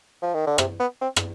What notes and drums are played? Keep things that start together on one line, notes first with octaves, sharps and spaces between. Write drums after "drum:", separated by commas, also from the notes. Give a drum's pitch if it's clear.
F3
D#3
D3
C3, drum: rim click
B3
C4
drum: rim click